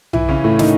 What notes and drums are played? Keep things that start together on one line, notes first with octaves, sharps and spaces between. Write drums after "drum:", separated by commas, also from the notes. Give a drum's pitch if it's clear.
E3 E4, drum: tom B1
C#3 C#4
A2 A3
D#3 D#4, drum: snare